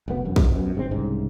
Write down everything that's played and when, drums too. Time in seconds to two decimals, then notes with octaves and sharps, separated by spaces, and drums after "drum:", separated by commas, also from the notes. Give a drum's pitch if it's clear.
0.08 F1 D2 B3
0.25 E1 F#2
0.36 C3, drum: kick
0.56 F#2 B2
0.75 G#1 G#2 C4
0.91 C2 G#2 C#3